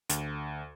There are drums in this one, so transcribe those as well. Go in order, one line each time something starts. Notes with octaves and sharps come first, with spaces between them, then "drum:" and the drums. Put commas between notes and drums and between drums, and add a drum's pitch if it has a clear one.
D2, drum: hi-hat